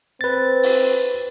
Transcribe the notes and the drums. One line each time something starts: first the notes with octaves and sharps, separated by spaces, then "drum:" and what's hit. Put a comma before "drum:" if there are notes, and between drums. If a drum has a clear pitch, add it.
C4 B4 A6
drum: open hi-hat